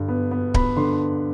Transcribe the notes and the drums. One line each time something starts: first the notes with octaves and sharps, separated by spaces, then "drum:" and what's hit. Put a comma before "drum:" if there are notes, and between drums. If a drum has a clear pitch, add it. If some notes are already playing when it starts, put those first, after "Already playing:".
Already playing: G2 D3
B3
B3
B3 B5, drum: kick D1
D3 C6